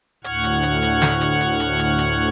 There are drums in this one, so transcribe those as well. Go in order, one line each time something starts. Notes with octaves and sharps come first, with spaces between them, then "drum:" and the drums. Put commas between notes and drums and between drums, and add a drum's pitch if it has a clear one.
D2 A2 F#5 C#6 F6 G#6, drum: hi-hat
drum: hi-hat
drum: hi-hat
drum: hi-hat
drum: snare
drum: hi-hat
drum: hi-hat
drum: hi-hat
drum: hi-hat
drum: hi-hat